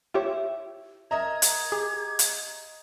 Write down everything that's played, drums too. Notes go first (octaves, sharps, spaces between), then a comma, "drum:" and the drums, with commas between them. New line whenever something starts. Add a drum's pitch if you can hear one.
E4 F4 G4 C#5 E5
A#4 D#5 E5 A#5 G#6
drum: hi-hat
G4 G#4
drum: hi-hat